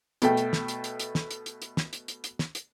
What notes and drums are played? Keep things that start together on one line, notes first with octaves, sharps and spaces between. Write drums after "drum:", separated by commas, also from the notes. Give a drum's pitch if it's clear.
B2 A3 G5, drum: hi-hat
drum: hi-hat
drum: snare
drum: hi-hat
drum: hi-hat
drum: hi-hat
drum: snare
drum: hi-hat
drum: hi-hat
drum: hi-hat
drum: snare
drum: hi-hat
drum: hi-hat
drum: hi-hat
drum: snare
drum: hi-hat